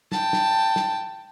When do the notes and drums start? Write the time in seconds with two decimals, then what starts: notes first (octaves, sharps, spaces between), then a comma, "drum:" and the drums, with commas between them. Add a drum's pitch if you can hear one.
0.12 G5 A5, drum: snare
0.33 drum: snare
0.76 drum: snare